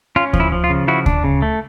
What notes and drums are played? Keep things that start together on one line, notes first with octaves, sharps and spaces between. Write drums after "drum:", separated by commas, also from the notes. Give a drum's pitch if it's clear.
C#4 F4
F3, drum: kick D2
E4
F3
F4
C#3
F3 E4 F#4
D4, drum: kick D2
C#3
A3